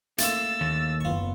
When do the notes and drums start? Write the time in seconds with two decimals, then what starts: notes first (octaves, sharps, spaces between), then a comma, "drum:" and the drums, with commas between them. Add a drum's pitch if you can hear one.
0.18 A2 A#3 C6 E6 A6, drum: hi-hat
0.61 D#2
1.01 F#1 B3 F4 C#6